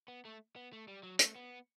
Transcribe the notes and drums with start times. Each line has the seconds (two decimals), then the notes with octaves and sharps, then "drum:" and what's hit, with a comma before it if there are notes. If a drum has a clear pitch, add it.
0.08 B3
0.25 A3
0.56 B3
0.73 A3
0.88 G3
1.03 F#3
1.19 A3, drum: hi-hat
1.36 B3